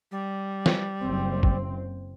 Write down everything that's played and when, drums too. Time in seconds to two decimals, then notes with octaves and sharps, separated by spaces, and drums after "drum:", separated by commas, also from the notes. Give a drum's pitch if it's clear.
0.11 G3
0.66 drum: snare
1.01 F#1 C4
1.43 drum: kick